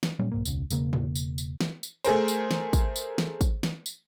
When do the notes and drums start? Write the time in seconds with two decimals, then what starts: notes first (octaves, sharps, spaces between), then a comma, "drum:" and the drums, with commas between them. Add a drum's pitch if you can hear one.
0.03 drum: snare
0.19 A#2 F#3 G3 C#4
0.32 B1 G#2 A#3
0.45 E1 C#2, drum: tambourine
0.70 E1 C#3 A#3, drum: tambourine
0.93 drum: tom G#2
1.15 drum: tambourine
1.38 drum: tambourine
1.61 drum: snare
1.83 drum: tambourine
2.04 A3 G#4 A#4 C5, drum: tambourine
2.28 drum: tambourine
2.51 drum: snare
2.73 drum: kick, tambourine
2.96 drum: tambourine
3.18 drum: snare
3.41 drum: kick, tambourine
3.63 drum: snare
3.86 drum: tambourine